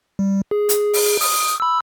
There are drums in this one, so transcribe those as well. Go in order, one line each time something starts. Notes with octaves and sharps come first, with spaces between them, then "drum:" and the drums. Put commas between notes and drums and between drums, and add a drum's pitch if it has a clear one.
G3
G#4
drum: hi-hat
drum: open hi-hat
D#6, drum: open hi-hat
B5 E6